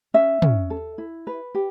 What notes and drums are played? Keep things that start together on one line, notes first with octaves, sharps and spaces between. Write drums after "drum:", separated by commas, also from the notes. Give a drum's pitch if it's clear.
C#4 E5
C#4, drum: tom
A4
E4
B4
G4